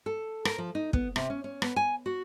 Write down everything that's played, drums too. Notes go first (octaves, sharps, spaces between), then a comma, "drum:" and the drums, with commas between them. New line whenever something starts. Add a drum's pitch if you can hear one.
A4
A#4, drum: rim click
F3
D#4
B3, drum: kick
C3, drum: rim click
C#4
C#4
B3, drum: rim click
G#5
F#4